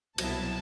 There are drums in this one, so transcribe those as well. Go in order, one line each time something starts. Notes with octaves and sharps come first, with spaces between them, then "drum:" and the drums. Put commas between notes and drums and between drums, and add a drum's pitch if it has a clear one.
C2 B2 F#3 B3 E4 A5, drum: cymbal